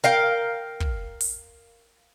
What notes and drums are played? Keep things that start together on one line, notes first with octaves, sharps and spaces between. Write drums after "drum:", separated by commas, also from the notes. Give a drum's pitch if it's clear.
A#4 F5 G5
drum: kick
drum: open hi-hat